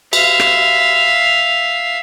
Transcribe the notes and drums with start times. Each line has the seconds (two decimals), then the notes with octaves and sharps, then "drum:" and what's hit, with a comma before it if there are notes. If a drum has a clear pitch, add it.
0.13 E5 F5, drum: cymbal
0.40 drum: rim click